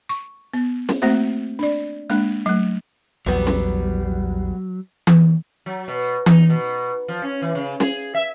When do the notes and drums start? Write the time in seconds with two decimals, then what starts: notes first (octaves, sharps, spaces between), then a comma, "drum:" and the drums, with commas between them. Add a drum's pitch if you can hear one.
0.09 C#6
0.53 B3
0.89 drum: snare
1.02 A3 A#3 C4 F#4 C5 E5
1.59 D4 D5
2.10 G#3 A#3 D4, drum: hi-hat
2.46 F#3 A3, drum: hi-hat
3.26 A#1 E2 F#3 G3 B3
3.47 drum: snare
5.07 drum: tom E3
5.66 F#3
5.88 B2
6.26 D#4, drum: tom E3
6.50 B2
7.08 F3
7.22 C#4
7.42 E3
7.55 C#3
7.80 G#4, drum: snare
8.15 E5